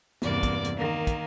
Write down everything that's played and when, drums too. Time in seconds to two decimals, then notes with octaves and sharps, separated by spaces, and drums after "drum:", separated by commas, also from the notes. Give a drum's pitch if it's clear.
0.22 E2 G2 C3 A#3 D5 D6, drum: snare
0.43 drum: kick, hi-hat
0.64 drum: hi-hat
0.77 D#3 A#3
1.07 drum: kick, hi-hat